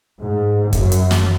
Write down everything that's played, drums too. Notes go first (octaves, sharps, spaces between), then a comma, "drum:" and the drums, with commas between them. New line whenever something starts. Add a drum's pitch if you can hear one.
G#2
F#2, drum: kick, hi-hat
drum: hi-hat
drum: snare